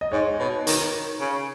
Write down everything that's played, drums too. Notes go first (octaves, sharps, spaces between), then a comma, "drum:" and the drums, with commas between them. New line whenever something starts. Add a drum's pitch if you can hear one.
D#5
G#2 C#5
B2
D#3, drum: hi-hat
C#3